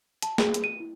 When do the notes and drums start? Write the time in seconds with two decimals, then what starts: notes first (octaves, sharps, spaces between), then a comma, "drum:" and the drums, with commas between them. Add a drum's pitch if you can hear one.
0.22 A5, drum: hi-hat
0.38 G#4, drum: snare
0.54 drum: hi-hat
0.64 D#7
0.80 E4